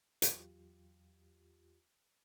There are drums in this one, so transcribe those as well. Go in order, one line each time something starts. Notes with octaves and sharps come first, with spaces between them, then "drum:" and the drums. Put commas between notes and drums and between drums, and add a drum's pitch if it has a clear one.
E2 F#3 F4 G4, drum: hi-hat